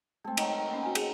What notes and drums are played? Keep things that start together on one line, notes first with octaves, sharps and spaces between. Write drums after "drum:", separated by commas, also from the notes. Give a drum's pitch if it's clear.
G#3 A3 C4 A4
D#3 F#3, drum: cymbal
A#4
A#3 C#4
F#4 G#5
G#4, drum: cymbal